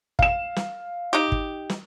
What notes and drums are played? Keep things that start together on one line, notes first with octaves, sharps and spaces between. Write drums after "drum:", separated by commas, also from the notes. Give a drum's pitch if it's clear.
F5 E7, drum: kick
drum: snare
D#4 G4
drum: kick
drum: snare